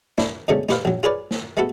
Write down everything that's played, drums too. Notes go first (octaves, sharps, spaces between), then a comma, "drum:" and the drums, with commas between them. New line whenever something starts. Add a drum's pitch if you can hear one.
D4 E4, drum: snare
G#2 B2 D3 G#3 A3 C#4
D#4 G4 B4 C5 F5, drum: snare
A#1 F#3
F4 G#4 A#4 B4 C#5 D5
drum: snare
G#3 A3 B3 F#4 A4